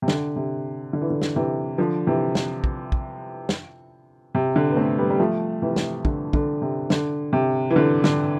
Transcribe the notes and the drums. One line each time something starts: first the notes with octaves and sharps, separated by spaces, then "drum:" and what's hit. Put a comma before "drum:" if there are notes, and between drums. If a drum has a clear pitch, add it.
C3
D3, drum: snare
C3
D3
E3
D3
drum: snare
C3 E3
D3 F3
C3 E3
drum: snare
drum: kick
drum: kick
drum: snare
C3
D3
B3
A3 C4
G3 B3
G3
F3 A3
C3 E3
drum: snare
D3, drum: kick
D3, drum: kick
C3
D3, drum: snare
C3
E3
D3
D3, drum: snare